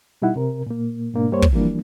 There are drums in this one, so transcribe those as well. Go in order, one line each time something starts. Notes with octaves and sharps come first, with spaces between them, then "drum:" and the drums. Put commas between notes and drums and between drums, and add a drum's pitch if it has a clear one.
B2 G3 D#4 E4 F#5
C3 A#4
A#2 A#3
G#2 B2 A#3 D4
G2 G3 A#3 C5 C#5
drum: kick
E3 F3 G3 A#3 D4